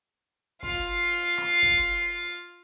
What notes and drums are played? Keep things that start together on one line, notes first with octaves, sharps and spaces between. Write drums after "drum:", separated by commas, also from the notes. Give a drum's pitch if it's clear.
F4 F5, drum: kick
drum: rim click
drum: kick